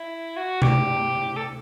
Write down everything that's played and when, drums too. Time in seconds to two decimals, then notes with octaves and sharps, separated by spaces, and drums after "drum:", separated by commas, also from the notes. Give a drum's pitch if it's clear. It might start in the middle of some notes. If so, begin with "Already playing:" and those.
Already playing: E4
0.36 F#4
0.62 G4, drum: tom C3
1.37 A4